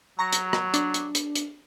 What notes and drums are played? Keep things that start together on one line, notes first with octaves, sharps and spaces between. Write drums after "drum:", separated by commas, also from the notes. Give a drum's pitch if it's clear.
F#3 A#5 C#6 A#6
drum: hi-hat
drum: rim click
D4, drum: hi-hat
drum: hi-hat
drum: hi-hat
drum: hi-hat